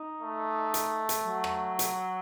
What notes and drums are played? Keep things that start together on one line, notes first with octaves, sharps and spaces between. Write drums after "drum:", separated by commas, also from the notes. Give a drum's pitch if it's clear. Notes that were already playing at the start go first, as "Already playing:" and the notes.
Already playing: D#4
A3
drum: hi-hat
drum: hi-hat
F#3
drum: rim click
drum: hi-hat